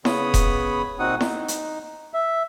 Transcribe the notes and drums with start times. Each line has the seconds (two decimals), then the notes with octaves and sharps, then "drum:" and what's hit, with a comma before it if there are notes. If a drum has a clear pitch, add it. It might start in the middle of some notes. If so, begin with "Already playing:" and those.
0.05 C#3 B3 C#5 B5 D#6, drum: snare E4
0.34 drum: kick E1, hi-hat
0.99 A#2 C4 D#4 F#4 F#5 D#6
1.21 D#4, drum: snare E4
1.48 drum: hi-hat
2.14 E5